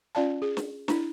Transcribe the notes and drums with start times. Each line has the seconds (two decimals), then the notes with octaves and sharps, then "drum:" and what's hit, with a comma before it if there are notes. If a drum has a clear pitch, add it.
0.15 C#4 F4 D5 F5 A5
0.42 G#4
0.57 drum: snare
0.88 D4 E4, drum: snare